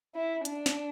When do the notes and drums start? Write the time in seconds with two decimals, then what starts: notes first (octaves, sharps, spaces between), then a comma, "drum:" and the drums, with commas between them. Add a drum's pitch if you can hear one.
0.15 E4
0.45 D4, drum: hi-hat
0.66 drum: snare